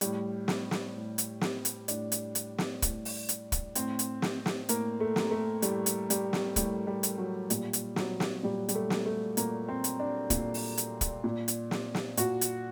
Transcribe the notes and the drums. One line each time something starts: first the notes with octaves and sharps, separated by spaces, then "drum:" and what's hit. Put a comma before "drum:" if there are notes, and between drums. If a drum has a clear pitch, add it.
A2 G3, drum: hi-hat
drum: snare
drum: snare
A2
drum: hi-hat
drum: snare
drum: hi-hat
A2 D4, drum: hi-hat
drum: hi-hat
drum: hi-hat
drum: snare
A2, drum: kick, hi-hat
drum: open hi-hat
drum: hi-hat
drum: kick, hi-hat
A2 C4, drum: hi-hat
drum: hi-hat
drum: snare
drum: snare
A2 A#3, drum: hi-hat
A3
drum: snare
A3
A2 G3, drum: hi-hat
drum: hi-hat
G3, drum: hi-hat
drum: snare
A2 G3, drum: kick, hi-hat
G3
drum: hi-hat
F#3
A#2 G3, drum: hi-hat
drum: hi-hat
F#3, drum: snare
drum: snare
A#2 G3
G3, drum: hi-hat
A3
drum: snare
A3
A#2 A#3, drum: hi-hat
C4
drum: hi-hat
D4
A#2, drum: kick, hi-hat
drum: open hi-hat
drum: hi-hat
drum: kick, hi-hat
A#2
drum: hi-hat
drum: snare
drum: snare
A#2 F#4, drum: hi-hat
drum: hi-hat